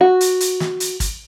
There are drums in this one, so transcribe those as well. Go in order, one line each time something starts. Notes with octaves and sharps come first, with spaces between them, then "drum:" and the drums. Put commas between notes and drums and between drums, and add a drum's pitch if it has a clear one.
F#4
drum: hi-hat
drum: hi-hat
drum: snare
drum: hi-hat
drum: kick, hi-hat